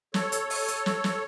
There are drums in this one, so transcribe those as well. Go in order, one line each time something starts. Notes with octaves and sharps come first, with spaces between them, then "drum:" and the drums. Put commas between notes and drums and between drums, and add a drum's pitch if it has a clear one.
A4 C#5, drum: snare
drum: hi-hat
drum: open hi-hat
drum: hi-hat
drum: snare
drum: snare